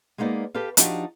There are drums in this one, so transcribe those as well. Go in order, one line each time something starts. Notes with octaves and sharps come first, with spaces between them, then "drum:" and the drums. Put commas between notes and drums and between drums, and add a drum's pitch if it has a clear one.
G#3 A#3 B3 D#4 D5
G4 A4 B4 F5
F3 D4 D#4 F#4 G4, drum: hi-hat